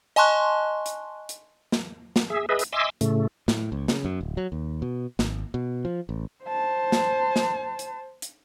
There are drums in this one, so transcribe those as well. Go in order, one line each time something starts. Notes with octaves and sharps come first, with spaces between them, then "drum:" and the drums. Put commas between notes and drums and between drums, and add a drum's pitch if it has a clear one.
D#5 G#5 A5 C6 C#6 F#6
drum: hi-hat
drum: hi-hat
drum: snare
drum: snare
G#4 E5
G#4 B4 D#5 E5
drum: hi-hat
D#5 E5 G#5 C6 D6 E6
A2 C#3 A3, drum: hi-hat
A2, drum: snare
C#2
C#3, drum: snare
F#2
D1
F#3
D#2
B2
G#1, drum: snare
B2
F3
A1
C5 A5
drum: snare
drum: snare
drum: hi-hat
drum: hi-hat